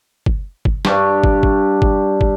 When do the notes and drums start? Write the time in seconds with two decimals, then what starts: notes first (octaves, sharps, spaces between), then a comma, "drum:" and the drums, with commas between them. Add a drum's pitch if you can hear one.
0.26 drum: kick
0.65 drum: kick
0.85 G2 D4 G4 C#6, drum: snare
1.24 drum: kick
1.43 drum: kick
1.82 drum: kick
2.21 drum: kick